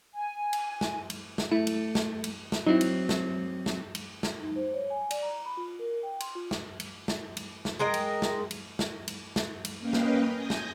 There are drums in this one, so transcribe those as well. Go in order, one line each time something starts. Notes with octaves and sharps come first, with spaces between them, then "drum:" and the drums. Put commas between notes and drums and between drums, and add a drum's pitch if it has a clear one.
G#5
drum: cymbal
drum: snare
drum: cymbal
drum: snare
A3 E4
drum: cymbal
drum: snare
drum: cymbal
drum: snare
F#3 C4 D#4 E4
drum: cymbal
drum: snare
drum: snare
drum: cymbal
drum: snare
D#4
C5
C#5
G#5
D5, drum: cymbal
A#5
B5
F4
A#4
G5
C6, drum: cymbal
F4
drum: snare
drum: cymbal
drum: snare
drum: cymbal
drum: snare
G#3 A#4 D#5 G5
drum: cymbal
drum: snare
drum: cymbal
drum: snare
drum: cymbal
drum: snare
drum: cymbal
A#3 C#4 B4 D#5 F5 G5
drum: snare
G#5 D#6 G6 A#6
drum: snare